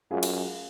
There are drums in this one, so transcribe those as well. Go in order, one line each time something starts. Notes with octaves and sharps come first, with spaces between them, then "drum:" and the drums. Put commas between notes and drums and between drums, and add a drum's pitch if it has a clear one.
F#2 F4 G#4
drum: cymbal